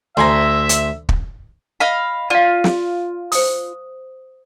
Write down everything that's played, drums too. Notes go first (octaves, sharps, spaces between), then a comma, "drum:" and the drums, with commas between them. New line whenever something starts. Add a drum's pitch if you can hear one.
D2 C5 E5 G#5 A#5
drum: hi-hat
drum: kick
D#5 F5 B5
F4 D5 F5
drum: snare
C5 D#6, drum: open hi-hat